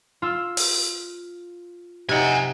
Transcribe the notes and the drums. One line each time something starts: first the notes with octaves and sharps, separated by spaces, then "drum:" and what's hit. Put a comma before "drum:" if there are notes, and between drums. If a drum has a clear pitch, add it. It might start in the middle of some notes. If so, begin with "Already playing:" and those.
F4 E6
drum: open hi-hat
C3 D#4 F#5 G#5